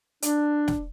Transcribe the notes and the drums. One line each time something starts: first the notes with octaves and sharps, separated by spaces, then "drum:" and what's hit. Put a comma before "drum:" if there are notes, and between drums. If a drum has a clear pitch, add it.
D4, drum: hi-hat
drum: snare